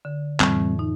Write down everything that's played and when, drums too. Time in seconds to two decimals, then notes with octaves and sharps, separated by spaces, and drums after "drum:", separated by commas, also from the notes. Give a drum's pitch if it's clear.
0.05 D3
0.40 F2 A2 E3 G3 C4, drum: clap
0.79 D#4